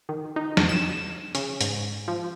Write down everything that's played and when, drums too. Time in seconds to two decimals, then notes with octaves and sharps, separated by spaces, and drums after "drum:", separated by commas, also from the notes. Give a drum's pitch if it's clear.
0.09 D#3
0.36 D#4
0.57 F2, drum: snare
0.69 E7
1.35 C#3, drum: hi-hat
1.61 G#2, drum: hi-hat
2.08 F3